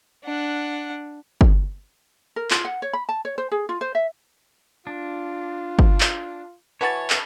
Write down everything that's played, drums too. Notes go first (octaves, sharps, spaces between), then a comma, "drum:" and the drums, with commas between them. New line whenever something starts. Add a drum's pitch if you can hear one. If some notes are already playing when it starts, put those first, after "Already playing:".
D4 F#5
drum: kick
A#4
F4, drum: clap
F#5
C#5
B5
A5
C#5
C5
G#4
F4
C5
E5
D4 F4
drum: kick
drum: clap
E3 F#4 B4 C#5 A5 B5 A6
drum: clap